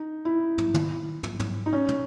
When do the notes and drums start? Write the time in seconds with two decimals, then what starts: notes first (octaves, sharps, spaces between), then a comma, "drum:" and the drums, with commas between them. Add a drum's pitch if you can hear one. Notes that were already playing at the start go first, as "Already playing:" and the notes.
Already playing: D#4
0.25 E4
0.58 drum: tom
0.74 drum: tom
1.23 drum: tom
1.39 drum: tom
1.66 D#4
1.73 C#4
1.88 drum: tom